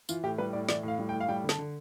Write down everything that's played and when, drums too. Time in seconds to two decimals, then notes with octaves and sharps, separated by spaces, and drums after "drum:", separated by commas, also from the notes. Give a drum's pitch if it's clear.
0.09 E3 F4, drum: tambourine
0.23 A2 G4
0.38 G3 B4
0.53 A2 D5
0.69 E3 D5, drum: snare
0.83 A2 F5
0.99 G3
1.09 G5
1.14 A2
1.20 F5
1.29 G3 G5
1.44 D3
1.49 A5, drum: snare
1.59 D3